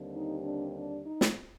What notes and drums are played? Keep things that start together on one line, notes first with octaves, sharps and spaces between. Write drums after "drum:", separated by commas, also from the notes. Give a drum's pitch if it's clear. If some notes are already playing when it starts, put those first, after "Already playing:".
Already playing: D#2 D3 G3 C4
D#4
D4
D4
D#4
drum: snare